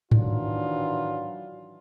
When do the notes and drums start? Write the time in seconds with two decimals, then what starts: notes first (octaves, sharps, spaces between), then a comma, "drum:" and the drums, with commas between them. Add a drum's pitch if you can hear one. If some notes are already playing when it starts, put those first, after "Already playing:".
0.11 D#3 E3 F#3 D4 F4, drum: tom G#2